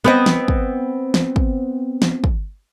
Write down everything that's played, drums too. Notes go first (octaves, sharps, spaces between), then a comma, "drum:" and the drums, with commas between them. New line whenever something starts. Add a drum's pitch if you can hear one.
B3 C4 D#5
drum: snare
drum: kick
drum: snare
drum: kick
drum: snare
drum: kick